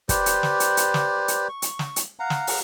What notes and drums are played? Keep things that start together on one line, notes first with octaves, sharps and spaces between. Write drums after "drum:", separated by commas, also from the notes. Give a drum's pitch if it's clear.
G4 B4 C5 D5, drum: kick, hi-hat
drum: hi-hat
drum: snare
drum: hi-hat
drum: hi-hat
drum: snare
drum: hi-hat
C#6
drum: hi-hat
drum: snare
drum: hi-hat
F5 F#5 A#5
drum: snare
drum: open hi-hat